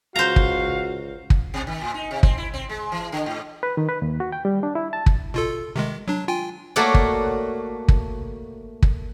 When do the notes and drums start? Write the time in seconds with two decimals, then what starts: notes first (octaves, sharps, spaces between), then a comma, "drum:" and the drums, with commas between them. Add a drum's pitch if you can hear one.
0.16 C#2 F#4 C5 F5 A#5
0.36 drum: kick
1.30 drum: kick
1.54 B2
1.67 D#3
1.81 A2
1.94 D#4
2.11 C3
2.23 C4, drum: kick
2.38 E4
2.54 C4
2.69 G#3
2.92 E3
3.12 D3
3.26 G#2
3.63 B4
3.77 D#3
3.89 B4
4.02 D#2
4.20 F#4
4.32 G5
4.45 G3
4.63 D4
4.75 E4
4.93 A5
5.06 drum: kick
5.34 B2 F4 A4
5.76 C3 D#3 G#3
6.08 F#3 D4
6.28 F4 G5 G#5
6.76 A3 A#3 F#4 A#4 C#5 D5
6.94 drum: kick
7.88 drum: kick
8.82 drum: kick